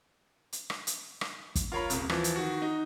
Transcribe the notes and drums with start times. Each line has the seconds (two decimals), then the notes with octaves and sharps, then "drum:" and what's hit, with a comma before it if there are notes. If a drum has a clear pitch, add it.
0.53 drum: hi-hat
0.70 drum: rim click
0.87 drum: hi-hat
1.21 drum: rim click
1.55 drum: kick, hi-hat
1.72 F4 A#4 C#5 F5 B5
1.90 D#1 C2, drum: hi-hat
2.09 E3 F3, drum: rim click
2.24 drum: hi-hat
2.36 D#3 F#4
2.62 D#4